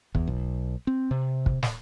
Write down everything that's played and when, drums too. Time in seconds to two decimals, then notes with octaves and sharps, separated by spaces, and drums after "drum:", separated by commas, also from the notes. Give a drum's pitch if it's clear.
0.15 E2, drum: kick
0.27 B1
0.87 C4
1.11 C3
1.46 drum: kick
1.63 drum: snare